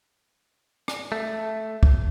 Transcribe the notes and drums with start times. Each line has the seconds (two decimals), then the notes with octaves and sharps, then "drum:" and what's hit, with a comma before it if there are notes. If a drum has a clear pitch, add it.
0.88 drum: rim click
1.12 A3
1.83 drum: kick